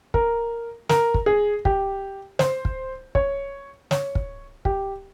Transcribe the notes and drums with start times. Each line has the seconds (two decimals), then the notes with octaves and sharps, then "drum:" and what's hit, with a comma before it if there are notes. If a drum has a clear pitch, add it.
0.14 A#4, drum: kick
0.89 A#4, drum: snare
1.14 drum: kick
1.26 G#4
1.65 G4, drum: kick
2.39 C5, drum: snare
2.65 drum: kick
3.15 C#5, drum: kick
3.91 C#5, drum: snare
4.15 drum: kick
4.65 G4, drum: kick